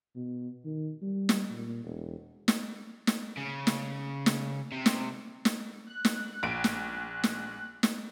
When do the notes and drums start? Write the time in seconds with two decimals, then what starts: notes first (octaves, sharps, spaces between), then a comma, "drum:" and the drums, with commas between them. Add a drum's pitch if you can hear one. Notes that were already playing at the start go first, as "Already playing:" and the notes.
0.15 B2
0.65 D#3
1.02 G3
1.29 drum: snare
1.51 A#2
1.84 E1
2.48 drum: snare
3.07 drum: snare
3.37 C#3
3.67 drum: snare
4.26 drum: snare
4.72 C3
4.86 drum: snare
5.45 drum: snare
5.87 F#6
6.05 drum: snare
6.43 A#1 D7
6.64 drum: snare
7.24 drum: snare
7.83 drum: snare